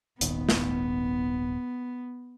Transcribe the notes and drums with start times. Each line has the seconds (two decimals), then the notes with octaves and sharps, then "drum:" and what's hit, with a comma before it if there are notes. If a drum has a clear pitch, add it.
0.21 D#1 G#1 D#3 B3, drum: hi-hat
0.49 drum: snare